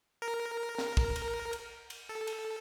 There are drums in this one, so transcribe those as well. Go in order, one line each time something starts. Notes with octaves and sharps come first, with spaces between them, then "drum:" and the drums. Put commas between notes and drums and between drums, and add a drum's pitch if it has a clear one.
A#4
drum: snare
drum: kick
drum: cymbal
drum: cymbal
drum: cymbal
A4
drum: cymbal